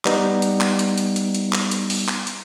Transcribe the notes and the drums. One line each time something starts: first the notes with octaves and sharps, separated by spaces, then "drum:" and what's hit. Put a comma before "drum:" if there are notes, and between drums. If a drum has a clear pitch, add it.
G3 B3 D#4, drum: clap
drum: hi-hat
drum: clap
drum: hi-hat
drum: hi-hat
drum: hi-hat
drum: hi-hat
drum: clap
drum: hi-hat
drum: open hi-hat
drum: clap
drum: hi-hat